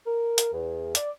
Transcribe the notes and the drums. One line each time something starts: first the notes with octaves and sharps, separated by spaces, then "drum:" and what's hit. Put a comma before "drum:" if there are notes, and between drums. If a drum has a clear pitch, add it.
A#4
drum: hi-hat
E2
D5, drum: hi-hat